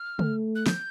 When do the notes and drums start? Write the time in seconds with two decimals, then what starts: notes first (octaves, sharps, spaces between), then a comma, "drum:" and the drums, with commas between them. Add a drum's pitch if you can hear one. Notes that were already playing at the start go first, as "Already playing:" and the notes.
Already playing: F6
0.19 A3, drum: tom C#3
0.55 F#6
0.67 G6, drum: snare